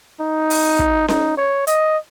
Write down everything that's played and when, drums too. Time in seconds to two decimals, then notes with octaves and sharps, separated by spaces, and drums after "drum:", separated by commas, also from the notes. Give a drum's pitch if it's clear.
0.21 D#4
0.50 drum: open hi-hat
0.79 drum: kick
1.08 D#4, drum: snare C#4
1.37 C#5
1.67 D#5, drum: hi-hat